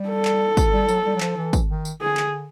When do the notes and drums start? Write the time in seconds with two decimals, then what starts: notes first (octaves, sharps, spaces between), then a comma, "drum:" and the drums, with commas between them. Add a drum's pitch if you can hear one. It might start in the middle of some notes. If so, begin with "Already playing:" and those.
Already playing: G3
0.09 A4
0.25 drum: clap
0.57 drum: kick, tambourine
0.73 G3
0.89 F#3, drum: tambourine
1.06 G3
1.16 F#3
1.21 F3, drum: clap
1.37 E3
1.53 drum: kick, tambourine
1.70 D#3
1.85 drum: tambourine
2.01 D3 G#4
2.17 drum: clap